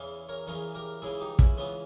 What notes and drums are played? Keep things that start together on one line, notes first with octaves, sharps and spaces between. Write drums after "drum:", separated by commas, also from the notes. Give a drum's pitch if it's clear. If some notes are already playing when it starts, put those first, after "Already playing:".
Already playing: E2 C#3 E3
A#4 C#5
E2 C#3 E3 A#4 C#5
G4 A#4
C#2 C#3 E3 E4 G#4
D#4 G4
C#4 E4, drum: kick
C#2 C#3 E3 B3